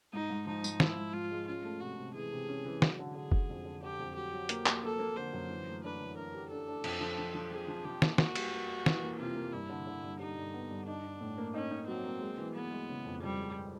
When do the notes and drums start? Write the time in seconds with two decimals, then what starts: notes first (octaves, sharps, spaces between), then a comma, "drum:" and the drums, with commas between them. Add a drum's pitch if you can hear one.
0.13 G#2 D#4
0.30 G#2
0.47 F3 D#4
0.64 G#2, drum: tambourine
0.80 F3 E4, drum: snare
0.97 G#2
1.13 G#2 F4
1.31 G#3
1.47 C#4 F4
1.64 A3
1.80 C3 F#4
1.97 C3
2.14 E3 G#4
2.32 C3
2.48 C#4
2.65 E3
2.82 F#3, drum: snare
2.99 D3
3.15 D3 G#4
3.32 D3, drum: kick F#1
3.49 F2
3.65 D3
3.82 D3 G4
3.99 F2
4.16 F#3 G4
4.33 F#3
4.49 A#3, drum: hi-hat
4.66 A#3, drum: clap
4.83 A#3 A4
4.99 A#3
5.16 D3 C5
5.33 F#2
5.50 E3
5.67 A3
5.84 D4 B4
6.00 E3
6.17 D4 A#4
6.35 G4
6.50 D4 A4
6.68 D4
6.84 F2, drum: cymbal
7.01 F3
7.18 F3
7.35 F3
7.51 F3 G#4
7.68 F3
7.84 F3 G4
8.02 A#3, drum: snare
8.18 A#3 F#4, drum: snare
8.35 G3, drum: cymbal
8.52 A#3
8.70 G3
8.86 E3, drum: snare
9.03 A#3
9.19 C3 F4
9.35 A#3
9.53 G2 E4
9.69 D3
9.87 D3
10.03 G2
10.19 G3 D#4
10.37 G2
10.54 B3
10.71 G2
10.87 D4 D#4
11.04 D#4
11.21 A2
11.38 A#3
11.54 C#4 D#4
11.71 D#4
11.87 F#3 C4
12.04 A#3
12.21 G#3
12.37 E3
12.55 G#3 B3
12.71 G#3
12.89 C#3
13.05 F2
13.22 F2 G3
13.39 G#3